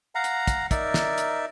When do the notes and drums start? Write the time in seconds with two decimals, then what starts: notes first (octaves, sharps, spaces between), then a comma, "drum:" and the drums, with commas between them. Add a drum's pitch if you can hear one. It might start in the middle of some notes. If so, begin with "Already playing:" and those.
0.15 F5 F#5 A#5
0.24 drum: hi-hat
0.47 drum: kick, hi-hat
0.71 D#4 A#4 D5 E5, drum: kick, hi-hat
0.94 drum: snare
1.18 drum: hi-hat